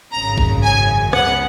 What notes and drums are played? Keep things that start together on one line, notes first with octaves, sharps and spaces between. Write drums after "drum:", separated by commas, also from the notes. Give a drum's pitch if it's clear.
G#1 F#2 C#3 A#5
drum: kick A#1
G#5
C#2 C#3 G#3 B3 F#5, drum: rim click